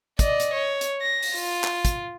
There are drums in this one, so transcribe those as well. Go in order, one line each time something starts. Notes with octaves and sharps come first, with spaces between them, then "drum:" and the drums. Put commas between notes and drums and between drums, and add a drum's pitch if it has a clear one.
D5 D#5, drum: kick, hi-hat
drum: hi-hat
C#5
drum: hi-hat
A#6
drum: open hi-hat
F4
drum: clap
drum: kick, hi-hat